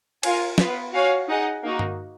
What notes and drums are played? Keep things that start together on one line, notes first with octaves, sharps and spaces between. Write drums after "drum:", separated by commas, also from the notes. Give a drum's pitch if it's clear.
F4 A#4 F5 G#5, drum: cymbal
B3 F4 B4, drum: snare
F#4 C#5 F5 G#5
D#4 G#4 D#5 F#5
A#3 D#4 F#4
drum: tom G2